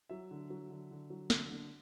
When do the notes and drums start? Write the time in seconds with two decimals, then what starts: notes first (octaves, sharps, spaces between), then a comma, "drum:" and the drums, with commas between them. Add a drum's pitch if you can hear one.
0.09 F#3 E5
0.31 D3
0.50 F#3
0.70 D3
0.91 D3
1.10 F#3
1.30 D3, drum: snare
1.50 D3